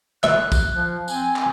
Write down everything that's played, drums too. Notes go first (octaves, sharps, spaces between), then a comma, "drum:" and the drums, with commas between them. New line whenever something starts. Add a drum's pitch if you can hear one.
E5 F#6, drum: clap
drum: kick, tambourine
F3
C4 G#5, drum: tambourine
drum: clap